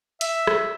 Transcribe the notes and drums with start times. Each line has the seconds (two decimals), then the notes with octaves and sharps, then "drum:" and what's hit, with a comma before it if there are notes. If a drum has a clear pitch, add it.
0.21 E5, drum: hi-hat
0.47 drum: rim click